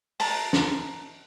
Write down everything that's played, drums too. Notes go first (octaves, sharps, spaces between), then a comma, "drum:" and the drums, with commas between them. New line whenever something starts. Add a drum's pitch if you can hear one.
A5 A#5, drum: open hi-hat
drum: snare